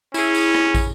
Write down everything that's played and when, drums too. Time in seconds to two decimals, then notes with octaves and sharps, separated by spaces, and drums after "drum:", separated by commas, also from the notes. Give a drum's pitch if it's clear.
0.14 C#4 E4 G#4, drum: tambourine
0.34 drum: tambourine
0.54 drum: rim click
0.75 drum: kick, tambourine